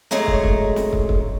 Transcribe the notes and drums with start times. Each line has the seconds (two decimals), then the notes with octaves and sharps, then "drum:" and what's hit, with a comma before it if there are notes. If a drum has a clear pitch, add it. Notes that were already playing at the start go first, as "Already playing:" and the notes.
0.11 F#2 G#3 A3 C#5 A#5, drum: snare
0.27 drum: kick
0.44 drum: kick
0.76 drum: snare
0.93 drum: kick
1.09 drum: kick